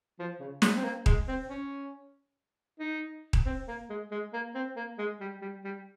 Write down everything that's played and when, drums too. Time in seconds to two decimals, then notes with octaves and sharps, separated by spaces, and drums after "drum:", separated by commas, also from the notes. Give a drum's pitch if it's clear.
0.19 F3
0.40 C#3
0.62 G#3, drum: snare
0.76 C4
0.84 A#3
1.06 G#3, drum: kick D#1
1.28 C4
1.49 C#4
2.80 D#4
3.33 drum: kick D#1
3.46 C4
3.68 A#3
3.90 G#3
4.11 G#3
4.33 A#3
4.55 C4
4.76 A#3
4.98 G#3
5.20 G3
5.41 G3
5.64 G3